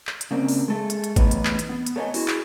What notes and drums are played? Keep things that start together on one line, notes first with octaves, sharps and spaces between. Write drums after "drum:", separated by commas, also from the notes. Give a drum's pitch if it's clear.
drum: clap
drum: hi-hat
C#3 A#3 C4 D4
drum: open hi-hat
G#3 A4
drum: hi-hat
drum: hi-hat
A2 E3 B3 D#4 B4 C#5, drum: kick G#1, hi-hat
drum: hi-hat
drum: clap
drum: hi-hat
B3
drum: hi-hat
A4 B4 C#5 D#5 G5 G#5
E4 F#4 G#4, drum: open hi-hat
drum: clap